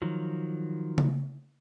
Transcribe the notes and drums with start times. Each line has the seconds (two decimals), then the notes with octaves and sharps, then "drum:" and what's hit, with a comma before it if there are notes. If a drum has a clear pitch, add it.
0.02 D#3 F3 F#3
0.98 drum: tom C#3